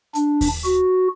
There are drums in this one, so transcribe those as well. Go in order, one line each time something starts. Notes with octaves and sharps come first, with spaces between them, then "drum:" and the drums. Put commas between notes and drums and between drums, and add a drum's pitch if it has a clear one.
D4, drum: hi-hat
drum: kick D#2, open hi-hat
F#4, drum: hi-hat